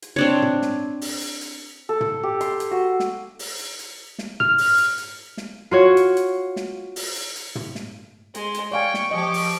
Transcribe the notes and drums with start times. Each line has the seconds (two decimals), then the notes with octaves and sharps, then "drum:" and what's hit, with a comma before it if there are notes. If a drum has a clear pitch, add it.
0.02 drum: hi-hat
0.16 C4 D4 C#5
0.42 drum: tom
0.62 drum: snare
1.01 drum: open hi-hat
1.21 drum: hi-hat
1.41 drum: hi-hat
1.89 A4
2.01 drum: tom
2.23 G4
2.41 C6, drum: hi-hat
2.60 drum: hi-hat
2.71 F#4
3.00 drum: snare
3.39 drum: open hi-hat
3.59 drum: hi-hat
3.79 drum: hi-hat
4.19 drum: snare
4.40 F6, drum: tom
4.58 drum: open hi-hat
4.78 drum: hi-hat
4.98 drum: hi-hat
5.37 drum: snare
5.71 F4 F#4 C#5
5.97 drum: hi-hat
6.17 drum: hi-hat
6.56 drum: snare
6.96 drum: open hi-hat
7.16 drum: hi-hat
7.36 drum: hi-hat
7.55 drum: tom
7.75 drum: snare
8.35 G#3 C6, drum: hi-hat
8.54 drum: hi-hat
8.72 D5 F5 G5 G#5 C#6
8.94 drum: snare
9.11 F3 G4 D#5 G#5 D6
9.34 drum: open hi-hat